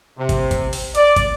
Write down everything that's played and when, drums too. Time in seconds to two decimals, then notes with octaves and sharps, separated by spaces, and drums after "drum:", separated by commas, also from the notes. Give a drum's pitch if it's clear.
0.18 C3
0.29 drum: kick, hi-hat
0.51 drum: kick, hi-hat
0.73 drum: open hi-hat
0.95 D5, drum: hi-hat
1.16 drum: kick, hi-hat